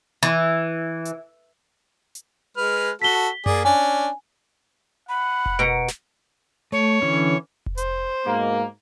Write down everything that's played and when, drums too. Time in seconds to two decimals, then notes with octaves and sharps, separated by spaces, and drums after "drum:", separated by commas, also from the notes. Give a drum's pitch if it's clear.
0.23 E3
1.05 drum: hi-hat
2.15 drum: hi-hat
2.57 G#3 B4 F6
3.02 F#4 A4 B6 G7
3.46 A#3 G#4 D5, drum: tom F#2
3.65 C#4 D4 G#5
5.09 F#5 B5
5.46 drum: kick F1
5.59 B2 A#5 C#7 D7
5.88 drum: snare
6.72 A3 C#5
7.02 D3 E3 C#4
7.66 drum: kick F1
7.77 C5, drum: hi-hat
8.25 G#2 B2 A#3